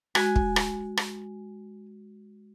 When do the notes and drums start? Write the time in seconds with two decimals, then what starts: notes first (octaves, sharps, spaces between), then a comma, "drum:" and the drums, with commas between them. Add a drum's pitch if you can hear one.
0.15 G#3 F#4 G#5, drum: rim click
0.36 drum: kick
0.56 drum: rim click
0.97 drum: rim click